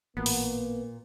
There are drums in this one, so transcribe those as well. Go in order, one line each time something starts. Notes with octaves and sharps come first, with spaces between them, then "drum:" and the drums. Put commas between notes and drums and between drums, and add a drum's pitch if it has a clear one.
A1 A#2 A#3 B3
drum: open hi-hat